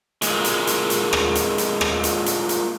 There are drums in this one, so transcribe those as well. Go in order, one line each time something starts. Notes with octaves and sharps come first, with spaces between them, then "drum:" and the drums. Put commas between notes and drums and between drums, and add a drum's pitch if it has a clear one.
A#2 G#3, drum: hi-hat
drum: hi-hat
drum: hi-hat
drum: hi-hat
drum: rim click
drum: hi-hat
drum: hi-hat
drum: rim click
drum: hi-hat
drum: hi-hat
drum: hi-hat